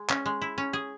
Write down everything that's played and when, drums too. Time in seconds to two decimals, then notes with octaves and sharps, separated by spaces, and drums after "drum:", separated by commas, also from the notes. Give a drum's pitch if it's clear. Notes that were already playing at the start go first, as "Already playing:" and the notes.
Already playing: G#3
0.09 C#4, drum: clap
0.26 G#3
0.42 E4
0.58 C#4
0.73 G#4